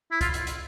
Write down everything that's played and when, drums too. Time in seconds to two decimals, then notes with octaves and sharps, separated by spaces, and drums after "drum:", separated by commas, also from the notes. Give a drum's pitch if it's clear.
0.11 E4
0.21 F4, drum: kick, hi-hat
0.34 drum: hi-hat
0.47 drum: hi-hat